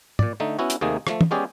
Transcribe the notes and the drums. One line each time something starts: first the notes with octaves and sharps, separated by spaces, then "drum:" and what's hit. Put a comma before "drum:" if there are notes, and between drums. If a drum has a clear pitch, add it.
A#2 D5, drum: tom
D3 A3 D#4
B3 C#4 E4 F#4
drum: hi-hat
D#2 C3 A3 A#3 D#4 G#4
F3 A3, drum: rim click
drum: tom
G#3 B3 C#4 G4 G#4 D5